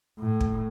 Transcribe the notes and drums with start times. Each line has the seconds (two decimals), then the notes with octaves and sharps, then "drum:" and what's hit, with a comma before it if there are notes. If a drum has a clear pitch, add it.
0.20 A2
0.41 drum: kick